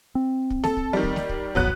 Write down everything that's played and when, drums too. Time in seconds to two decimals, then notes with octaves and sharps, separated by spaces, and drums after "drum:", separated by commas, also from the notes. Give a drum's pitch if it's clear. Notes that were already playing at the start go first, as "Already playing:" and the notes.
0.15 C4
0.50 drum: kick
0.64 A4, drum: snare
0.77 drum: kick
0.93 D#3 G3
1.03 drum: kick
1.16 drum: snare
1.29 drum: kick
1.55 D#1 A1 F#3 B3 F#6, drum: kick